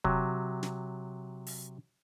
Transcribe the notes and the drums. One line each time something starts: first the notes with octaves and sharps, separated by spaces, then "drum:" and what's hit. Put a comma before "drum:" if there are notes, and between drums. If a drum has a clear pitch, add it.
C3 F#3, drum: kick
drum: snare
drum: open hi-hat